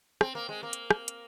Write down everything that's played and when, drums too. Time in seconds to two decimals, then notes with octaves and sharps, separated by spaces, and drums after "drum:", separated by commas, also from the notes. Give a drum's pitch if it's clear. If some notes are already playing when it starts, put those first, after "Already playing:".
0.21 C4, drum: rim click
0.35 A#3
0.49 G#3
0.63 A#3
0.73 drum: hi-hat
0.91 drum: rim click
1.08 drum: hi-hat